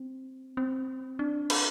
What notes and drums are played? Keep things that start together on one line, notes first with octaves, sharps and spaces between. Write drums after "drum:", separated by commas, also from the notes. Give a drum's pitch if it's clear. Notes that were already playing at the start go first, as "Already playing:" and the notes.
Already playing: C4
C4
D4
drum: cymbal